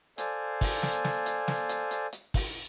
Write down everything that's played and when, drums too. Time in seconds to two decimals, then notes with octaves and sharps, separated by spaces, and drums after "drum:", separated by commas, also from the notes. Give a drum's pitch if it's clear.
0.18 A4 C5 D5 F5 G#5, drum: hi-hat
0.61 drum: kick, open hi-hat
0.83 drum: snare
1.04 drum: snare
1.26 drum: hi-hat
1.48 drum: snare
1.69 drum: hi-hat
1.91 drum: hi-hat
2.13 drum: hi-hat
2.34 drum: kick, open hi-hat